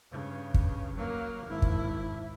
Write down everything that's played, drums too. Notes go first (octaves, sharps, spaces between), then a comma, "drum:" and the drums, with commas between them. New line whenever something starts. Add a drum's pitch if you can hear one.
G2 C#3
drum: kick
F#3 A#3
G#1 E4
drum: kick